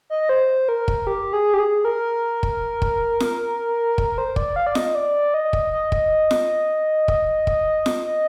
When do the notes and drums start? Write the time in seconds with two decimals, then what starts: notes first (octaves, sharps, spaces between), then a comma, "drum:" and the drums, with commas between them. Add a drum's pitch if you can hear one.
0.10 D#5
0.29 C5
0.69 A#4
0.88 drum: kick
1.07 G4
1.33 G#4
1.54 G4
1.59 G#4
1.85 A#4
2.43 drum: kick
2.82 drum: kick
3.20 drum: snare F4
3.98 drum: kick
4.18 C5
4.36 D5, drum: kick
4.56 F5
4.67 D5
4.75 D#5, drum: snare F4
4.95 D5
5.34 D#5
5.53 drum: kick
5.72 D#5
5.92 drum: kick
6.31 drum: snare F4
7.08 drum: kick
7.47 drum: kick
7.86 drum: snare F4
8.05 D#5